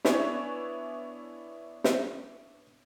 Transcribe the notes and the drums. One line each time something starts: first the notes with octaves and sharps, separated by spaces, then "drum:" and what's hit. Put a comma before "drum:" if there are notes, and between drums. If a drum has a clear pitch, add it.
B3 D4 E4 B4 C#5 G#5, drum: snare
drum: snare